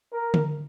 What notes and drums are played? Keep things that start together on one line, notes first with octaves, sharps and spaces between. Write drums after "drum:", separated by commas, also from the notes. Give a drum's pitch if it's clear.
A#4
drum: tom D3